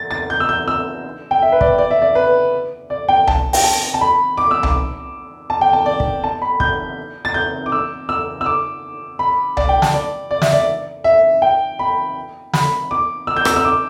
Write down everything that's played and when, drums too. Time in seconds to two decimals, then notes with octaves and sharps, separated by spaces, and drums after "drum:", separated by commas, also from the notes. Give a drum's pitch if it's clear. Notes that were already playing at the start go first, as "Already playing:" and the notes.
Already playing: A6
0.11 A6
0.30 G6
0.40 E6
0.49 G6
0.68 E6
1.31 G5
1.42 E5
1.52 B4
1.61 D5, drum: kick
1.78 D5
1.91 E5
2.02 D5
2.15 B4
2.90 D5
3.08 G5
3.27 A5, drum: tom C2
3.53 G5, drum: open hi-hat
3.64 A5
3.94 A5
4.01 B5
4.37 D6
4.51 E6
4.63 D6, drum: tom C2
5.50 A5
5.61 G5
5.73 A5
5.86 D5
6.00 drum: kick
6.24 A5
6.42 B5
6.60 G6, drum: kick
7.25 A6
7.34 G6
7.66 D6
7.72 E6
8.09 E6
8.41 E6
8.46 D6
9.19 B5
9.57 D5, drum: tom C2
9.69 G5
9.82 A5, drum: snare
9.94 D5
10.31 D5
10.42 E5, drum: snare
10.53 D5
11.04 E5
11.42 G5
11.79 B5
12.53 B5, drum: snare
12.91 D6
13.27 E6
13.36 G6
13.45 E6, drum: rim click
13.56 E6
13.65 D6